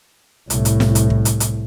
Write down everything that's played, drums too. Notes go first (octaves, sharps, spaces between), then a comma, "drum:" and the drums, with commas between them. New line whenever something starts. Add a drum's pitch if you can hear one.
C2 A2, drum: hi-hat
drum: hi-hat
drum: snare
drum: hi-hat
drum: kick
drum: hi-hat
drum: hi-hat